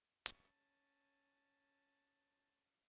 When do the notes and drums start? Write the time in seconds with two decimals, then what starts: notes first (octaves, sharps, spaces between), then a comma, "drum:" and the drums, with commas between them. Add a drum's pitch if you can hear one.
0.26 C#4 A5, drum: hi-hat